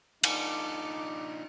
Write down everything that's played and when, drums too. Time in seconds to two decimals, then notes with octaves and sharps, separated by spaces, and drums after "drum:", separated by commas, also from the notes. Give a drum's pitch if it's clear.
0.23 D4 D#4 F4 A4 D5 D6, drum: cymbal